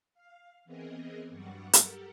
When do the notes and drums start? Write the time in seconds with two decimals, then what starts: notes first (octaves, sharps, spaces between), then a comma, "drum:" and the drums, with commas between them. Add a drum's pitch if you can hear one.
0.14 F5
0.65 E3 B3 C4 G#4 A#4 D#5
1.30 G2 F#3 G3 F#5 C#6 D6
1.73 G4 A4 A#4 F#5, drum: hi-hat